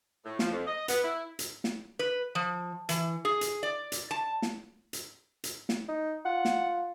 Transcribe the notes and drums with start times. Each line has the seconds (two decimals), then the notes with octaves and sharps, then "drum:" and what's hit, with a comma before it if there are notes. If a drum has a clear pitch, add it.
0.25 A2
0.39 F3, drum: snare
0.51 F2
0.66 D#5
0.88 B3, drum: hi-hat
1.04 E4
1.39 drum: hi-hat
1.64 drum: snare
1.99 B4
2.35 F3
2.89 E3, drum: hi-hat
3.25 G#4
3.41 drum: hi-hat
3.63 D5
3.92 drum: hi-hat
4.11 A5
4.42 drum: snare
4.93 drum: hi-hat
5.44 drum: hi-hat
5.69 drum: snare
5.89 D#4
6.25 F4 F#5
6.45 drum: snare